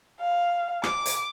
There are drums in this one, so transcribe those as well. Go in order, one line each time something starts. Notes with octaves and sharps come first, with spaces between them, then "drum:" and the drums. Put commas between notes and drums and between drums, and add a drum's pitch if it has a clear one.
F5
D6, drum: rim click
drum: hi-hat